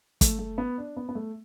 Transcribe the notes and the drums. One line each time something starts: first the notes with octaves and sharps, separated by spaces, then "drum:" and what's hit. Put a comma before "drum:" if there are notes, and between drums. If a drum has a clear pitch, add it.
A3, drum: kick, hi-hat
A3
B3
D4
B3
B3
A3